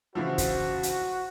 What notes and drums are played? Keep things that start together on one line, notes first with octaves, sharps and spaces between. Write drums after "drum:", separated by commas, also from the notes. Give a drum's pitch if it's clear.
C#3 E3 F3 F#4 C5
drum: kick, hi-hat
drum: hi-hat